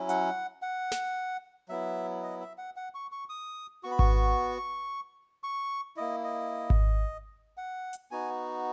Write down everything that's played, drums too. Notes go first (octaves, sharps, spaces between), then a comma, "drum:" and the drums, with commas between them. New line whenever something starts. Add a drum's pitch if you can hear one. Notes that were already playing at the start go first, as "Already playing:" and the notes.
Already playing: F#3 C#4 E4
F#5, drum: hi-hat
F#5
drum: snare
F#3 B3 E4 E5
D#5
E5
F#5
F#5
C#6
C#6
D#6
B3 F#4 C#6
B5
C#6, drum: kick G#1
C#6
A#3 E4 D#5
D#5
drum: kick G#1
F#5
drum: hi-hat
B3 D#4 F#4 G#5